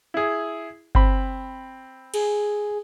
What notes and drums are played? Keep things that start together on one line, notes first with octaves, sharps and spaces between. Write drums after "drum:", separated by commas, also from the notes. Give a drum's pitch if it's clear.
E4 G#4
C4 B5, drum: kick G1
G#4, drum: cymbal